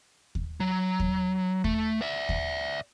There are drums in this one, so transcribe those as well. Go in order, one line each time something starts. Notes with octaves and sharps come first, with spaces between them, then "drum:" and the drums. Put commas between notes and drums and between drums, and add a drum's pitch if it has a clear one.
drum: kick D#2
F#3
drum: kick D#2
A3, drum: kick D#2
D5 E5
drum: kick D#2